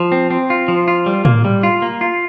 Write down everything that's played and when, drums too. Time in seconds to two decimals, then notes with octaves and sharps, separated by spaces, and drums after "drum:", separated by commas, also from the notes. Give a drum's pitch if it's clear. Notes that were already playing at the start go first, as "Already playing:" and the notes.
Already playing: F3
0.12 C4
0.31 C4
0.50 F4
0.68 F3
0.88 F4
1.06 G3
1.25 A#3, drum: tom A2
1.45 G3
1.63 F4
1.82 A#3
2.01 F4